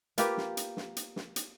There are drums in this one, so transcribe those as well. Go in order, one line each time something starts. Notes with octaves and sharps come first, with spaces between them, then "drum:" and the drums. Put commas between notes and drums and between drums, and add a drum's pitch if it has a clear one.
A#3 F4 G4 B4, drum: hi-hat
drum: snare
drum: hi-hat
drum: snare
drum: hi-hat
drum: snare
drum: hi-hat